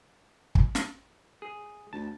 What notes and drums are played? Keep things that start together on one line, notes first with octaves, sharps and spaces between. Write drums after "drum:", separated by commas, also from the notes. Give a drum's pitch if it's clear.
drum: kick
drum: snare
G#4
D2 A5